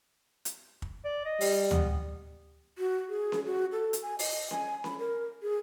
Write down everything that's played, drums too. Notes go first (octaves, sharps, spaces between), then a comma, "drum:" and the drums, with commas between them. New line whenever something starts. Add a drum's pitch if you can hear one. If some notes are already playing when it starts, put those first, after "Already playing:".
drum: hi-hat
drum: kick
D5
D#5
G3, drum: open hi-hat
B3, drum: tom D2
F#4
G#4
drum: snare C#4
F#4
A4
drum: hi-hat
G#5
D#5, drum: open hi-hat
G#5, drum: snare C#4
B5, drum: snare C#4
A#4
G#4